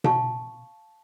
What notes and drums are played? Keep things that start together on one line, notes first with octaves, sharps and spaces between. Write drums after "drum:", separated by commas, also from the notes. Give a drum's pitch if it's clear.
F5 A5 C#6, drum: tom B2